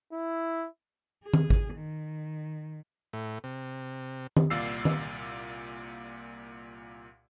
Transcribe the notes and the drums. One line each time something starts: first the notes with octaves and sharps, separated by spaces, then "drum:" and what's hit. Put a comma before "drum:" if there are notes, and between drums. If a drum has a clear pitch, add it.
E4
G#4
drum: tom D#3
drum: kick
D#3
A2
C3
drum: tom D#3
C2 A#2 D5 F5 E6 C7
drum: tom D#3